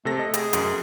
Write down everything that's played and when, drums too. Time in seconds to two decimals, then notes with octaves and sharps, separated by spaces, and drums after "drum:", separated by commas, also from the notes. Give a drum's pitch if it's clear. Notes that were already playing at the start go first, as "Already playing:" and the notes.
0.05 C3 A3 A4 A#6
0.19 D#5
0.34 G#4, drum: hi-hat
0.53 F#2, drum: hi-hat